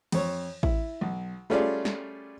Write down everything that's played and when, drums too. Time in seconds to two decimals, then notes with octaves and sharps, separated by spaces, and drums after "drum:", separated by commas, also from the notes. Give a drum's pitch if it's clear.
0.12 F2 C#5, drum: cymbal
0.63 E4, drum: kick A1
1.01 B1
1.50 G3 A3 C#4 F4 G#4 D5
1.85 drum: snare